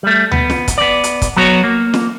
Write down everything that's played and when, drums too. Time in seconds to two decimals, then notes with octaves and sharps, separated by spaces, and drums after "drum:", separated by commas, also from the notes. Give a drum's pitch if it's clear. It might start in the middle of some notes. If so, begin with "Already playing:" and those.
0.03 G3 A3
0.32 B3, drum: tom D2
0.50 drum: snare
0.68 drum: kick, hi-hat
0.78 B3 D5
1.04 drum: hi-hat
1.22 drum: kick, hi-hat
1.37 F#3 B3 F#4 C5 C#5
1.64 A#3
1.94 drum: snare